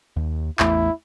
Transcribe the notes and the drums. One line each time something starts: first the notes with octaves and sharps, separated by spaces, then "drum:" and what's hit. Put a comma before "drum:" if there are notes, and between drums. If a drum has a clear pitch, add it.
D#2
A1 E2 A3 E4, drum: clap